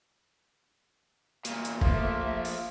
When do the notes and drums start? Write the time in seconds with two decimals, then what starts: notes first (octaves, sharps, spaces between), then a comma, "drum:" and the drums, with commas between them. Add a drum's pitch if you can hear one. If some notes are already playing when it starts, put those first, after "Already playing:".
1.45 E2 A#2, drum: hi-hat
1.65 drum: hi-hat
1.81 F3 A3 A#3 E5, drum: kick F1
2.45 drum: open hi-hat